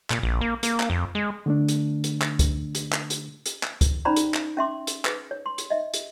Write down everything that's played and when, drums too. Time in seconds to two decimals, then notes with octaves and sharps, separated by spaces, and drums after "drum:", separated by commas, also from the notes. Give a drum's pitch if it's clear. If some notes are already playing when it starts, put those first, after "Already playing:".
0.10 A#2, drum: clap
0.23 A#1
0.41 A#3
0.63 A#3, drum: hi-hat
0.80 drum: clap
0.90 F2
1.15 G#3
1.46 D3 A3 D4
1.68 drum: hi-hat
2.04 drum: hi-hat
2.22 drum: clap
2.39 drum: kick C#2, hi-hat
2.75 drum: hi-hat
2.92 drum: clap
3.10 drum: hi-hat
3.46 drum: hi-hat
3.63 drum: clap
3.81 drum: kick C#2, hi-hat
4.05 C#4 D#4 C5 D5 A#5 B5
4.16 drum: hi-hat
4.34 drum: clap
4.57 C#4 E5 C6 D6
4.87 drum: hi-hat
5.05 G#4 B4, drum: clap
5.31 C#5
5.46 C6
5.58 drum: hi-hat
5.70 D#5 E5
5.94 drum: hi-hat